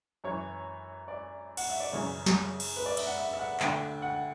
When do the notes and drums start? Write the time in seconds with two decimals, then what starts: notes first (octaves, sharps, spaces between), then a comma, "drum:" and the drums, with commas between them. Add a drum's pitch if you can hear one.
0.24 F#2 E3 C#5
1.08 D5
1.57 F#5, drum: cymbal
1.70 E5
1.80 D5
1.92 F#2 C#3 E3 C#5
2.26 drum: snare
2.60 drum: cymbal
2.76 B4
2.86 D5
2.97 E5, drum: cymbal
3.07 F#5
3.18 E5
3.33 E5
3.39 F#5
3.60 D2 D3 G5, drum: clap
4.02 F#5